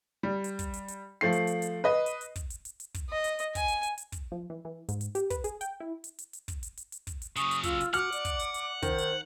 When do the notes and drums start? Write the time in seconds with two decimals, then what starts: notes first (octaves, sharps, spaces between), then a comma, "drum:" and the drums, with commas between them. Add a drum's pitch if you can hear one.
0.23 G3
0.44 drum: hi-hat
0.59 drum: kick, hi-hat
0.74 drum: hi-hat
0.88 drum: hi-hat
1.21 F3 A3 C7
1.32 drum: hi-hat
1.47 drum: hi-hat
1.62 drum: hi-hat
1.84 B4 D#5
2.06 drum: hi-hat
2.21 drum: hi-hat
2.36 drum: kick, hi-hat
2.50 drum: hi-hat
2.65 drum: hi-hat
2.80 drum: hi-hat
2.94 drum: kick, hi-hat
3.10 D#5
3.24 drum: hi-hat
3.39 drum: hi-hat
3.55 G#5, drum: kick, hi-hat
3.68 drum: hi-hat
3.83 drum: hi-hat
3.98 drum: hi-hat
4.12 drum: kick, hi-hat
4.32 F3
4.50 E3
4.65 E3
4.89 G#2, drum: hi-hat
5.01 drum: hi-hat
5.15 G4, drum: hi-hat
5.30 B4, drum: kick, hi-hat
5.44 G#4, drum: hi-hat
5.61 G5, drum: hi-hat
5.80 E4
6.04 drum: hi-hat
6.19 drum: hi-hat
6.33 drum: hi-hat
6.48 drum: kick, hi-hat
6.63 drum: hi-hat
6.77 drum: hi-hat
6.92 drum: hi-hat
7.07 drum: kick, hi-hat
7.22 drum: hi-hat
7.36 C#3 F#3 C#6 D#6, drum: hi-hat
7.51 drum: hi-hat
7.63 F4 E6, drum: kick, hi-hat
7.81 drum: hi-hat
7.94 F#4 F#5 D6 F6, drum: hi-hat
8.12 D5, drum: hi-hat
8.25 drum: kick, hi-hat
8.39 drum: hi-hat
8.54 drum: hi-hat
8.82 D#3 C5, drum: kick, hi-hat
8.98 drum: hi-hat